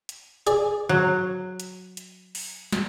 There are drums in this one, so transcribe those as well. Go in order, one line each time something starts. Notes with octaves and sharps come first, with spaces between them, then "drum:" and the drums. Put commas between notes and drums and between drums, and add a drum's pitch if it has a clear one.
drum: hi-hat
G#4 D5, drum: hi-hat
F#3
drum: hi-hat
drum: hi-hat
drum: open hi-hat
drum: snare